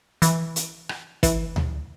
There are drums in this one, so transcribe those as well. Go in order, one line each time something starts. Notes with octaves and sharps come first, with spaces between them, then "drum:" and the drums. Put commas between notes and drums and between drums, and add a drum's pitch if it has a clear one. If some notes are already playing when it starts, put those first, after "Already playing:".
E3, drum: hi-hat
drum: hi-hat
drum: rim click
E3, drum: kick, hi-hat
drum: tom D2